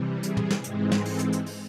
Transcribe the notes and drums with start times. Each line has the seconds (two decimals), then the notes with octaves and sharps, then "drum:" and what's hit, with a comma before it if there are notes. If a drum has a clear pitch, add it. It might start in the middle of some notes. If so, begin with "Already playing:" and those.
Already playing: C3 E3 G3
0.23 G#4, drum: hi-hat
0.37 drum: tom
0.51 drum: snare
0.64 G#2 E3 G#3 C4, drum: hi-hat
0.92 drum: snare
1.05 A4, drum: open hi-hat
1.19 drum: hi-hat
1.33 drum: hi-hat
1.46 drum: open hi-hat